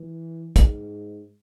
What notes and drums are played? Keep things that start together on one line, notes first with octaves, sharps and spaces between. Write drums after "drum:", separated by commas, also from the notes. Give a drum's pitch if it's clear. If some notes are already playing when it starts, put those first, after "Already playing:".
Already playing: E3
G#2, drum: kick, hi-hat